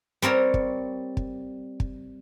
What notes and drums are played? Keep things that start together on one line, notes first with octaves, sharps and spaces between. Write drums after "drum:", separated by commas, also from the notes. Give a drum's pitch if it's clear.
G3 C4 A#4 C#5
drum: kick
drum: kick
drum: kick